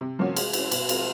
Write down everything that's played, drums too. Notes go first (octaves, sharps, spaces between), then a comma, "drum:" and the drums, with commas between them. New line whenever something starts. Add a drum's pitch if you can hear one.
C3
F3 A#3 C#4 F#4
G#3, drum: cymbal
C#4 E4, drum: cymbal
B2, drum: cymbal
G#3 C4 F4 A#4, drum: cymbal